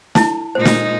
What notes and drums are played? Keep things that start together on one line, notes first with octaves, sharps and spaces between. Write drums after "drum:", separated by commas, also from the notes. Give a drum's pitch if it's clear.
E4 A5, drum: snare
A#2 G#3 D#4 C5
drum: snare